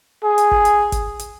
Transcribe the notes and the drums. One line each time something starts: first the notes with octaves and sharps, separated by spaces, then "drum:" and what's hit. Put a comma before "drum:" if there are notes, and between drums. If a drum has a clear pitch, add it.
G#4
drum: hi-hat
drum: kick G1
drum: hi-hat
drum: kick G1, hi-hat
drum: hi-hat